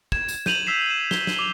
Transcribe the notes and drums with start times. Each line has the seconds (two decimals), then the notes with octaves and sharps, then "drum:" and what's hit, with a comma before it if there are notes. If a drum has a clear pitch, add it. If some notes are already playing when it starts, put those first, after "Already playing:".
0.12 G#6 E7, drum: kick
0.28 drum: tambourine
0.46 G6 D#7 F7 F#7, drum: snare
0.67 E6 B6 C7 E7
0.90 E7
1.11 G7, drum: snare
1.27 drum: snare
1.39 D6 F7